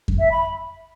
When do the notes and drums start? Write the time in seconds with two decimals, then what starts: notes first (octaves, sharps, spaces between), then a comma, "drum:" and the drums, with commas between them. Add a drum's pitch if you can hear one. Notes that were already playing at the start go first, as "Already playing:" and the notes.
0.08 drum: kick F2
0.19 E5
0.32 B5